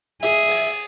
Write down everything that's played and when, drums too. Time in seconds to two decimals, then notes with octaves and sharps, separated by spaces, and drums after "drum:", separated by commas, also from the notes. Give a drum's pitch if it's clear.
0.23 G#4 E5, drum: hi-hat
0.49 drum: open hi-hat